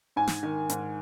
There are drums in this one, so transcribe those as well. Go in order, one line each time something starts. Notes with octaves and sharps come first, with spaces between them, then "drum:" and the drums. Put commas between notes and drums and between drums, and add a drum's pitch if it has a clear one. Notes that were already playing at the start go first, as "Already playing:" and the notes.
G#2 G#5
drum: snare
D#3
G#2, drum: hi-hat